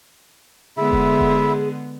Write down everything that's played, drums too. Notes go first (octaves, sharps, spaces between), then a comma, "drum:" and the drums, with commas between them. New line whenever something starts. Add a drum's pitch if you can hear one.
D3 G#3 B3 E4 G#4 E5
drum: kick F1
drum: kick F1